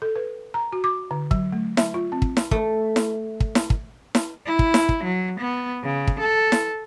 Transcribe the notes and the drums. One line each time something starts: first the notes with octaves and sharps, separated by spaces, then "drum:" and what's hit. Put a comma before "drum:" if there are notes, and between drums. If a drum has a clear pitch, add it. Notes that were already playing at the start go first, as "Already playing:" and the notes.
A4
B4
A#5
F#4
D6
D3
F#3, drum: kick
A3
E5, drum: snare E4
F4
C4
drum: kick
drum: snare E4
A3, drum: kick
drum: snare E4
drum: kick
drum: snare E4
drum: kick
drum: snare E4
E4
drum: kick
drum: snare E4
drum: kick
F#3
B3
C#3
drum: kick
A4
drum: snare E4